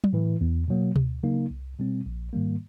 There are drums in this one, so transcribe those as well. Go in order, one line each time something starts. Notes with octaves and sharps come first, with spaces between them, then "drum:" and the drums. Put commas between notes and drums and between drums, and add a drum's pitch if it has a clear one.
drum: tom F#3
A2 E3
E2
B2 F#3 A#3
D2, drum: tom B2
C#3 F#3 A#3 D#4
C2
B2 G3 C4
A#1
G#2 D#3 G3 A#3